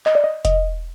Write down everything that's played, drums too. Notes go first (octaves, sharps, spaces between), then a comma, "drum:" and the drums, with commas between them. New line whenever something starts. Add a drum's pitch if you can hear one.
D#5, drum: clap
D5
D#5
D#5, drum: kick F1, hi-hat